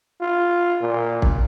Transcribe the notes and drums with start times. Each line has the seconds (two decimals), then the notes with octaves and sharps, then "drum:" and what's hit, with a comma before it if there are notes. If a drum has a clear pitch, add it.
0.21 F4
0.81 A#2
1.22 drum: kick